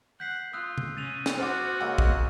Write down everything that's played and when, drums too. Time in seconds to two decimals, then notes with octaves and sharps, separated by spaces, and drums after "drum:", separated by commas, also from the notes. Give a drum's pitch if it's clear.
0.20 F#5 G6 B6 C7
0.53 F4 D#6 E6 F#6
0.78 drum: tom C3
0.97 C#4 A6 D#7 F7
1.26 drum: snare
1.39 F#4 C5 F#5 D6 F6 A6
1.80 C#3 G#3 A#3 F#5 C#6 D6 E6
1.98 drum: kick A#1